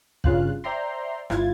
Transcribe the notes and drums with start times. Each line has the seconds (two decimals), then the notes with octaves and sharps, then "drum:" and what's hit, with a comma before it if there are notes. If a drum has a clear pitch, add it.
0.24 G2 C#3 F4 F5 F#6, drum: kick
0.64 C5 D5 E5 G5 A#5 C6
1.30 G1 G2 E4 F4 G#6 A6, drum: rim click